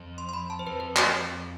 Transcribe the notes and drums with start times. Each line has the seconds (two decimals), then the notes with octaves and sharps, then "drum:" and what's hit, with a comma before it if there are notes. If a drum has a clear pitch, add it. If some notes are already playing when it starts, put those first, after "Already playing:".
Already playing: F2
0.18 C6
0.29 C6
0.33 B5
0.50 A5
0.59 C5
0.67 F2 B4
0.80 B4
0.96 drum: clap